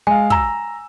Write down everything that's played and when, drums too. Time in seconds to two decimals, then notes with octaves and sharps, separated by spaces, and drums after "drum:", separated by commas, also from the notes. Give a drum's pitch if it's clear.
0.07 G#3 F5 G#5
0.30 A#5 E6, drum: kick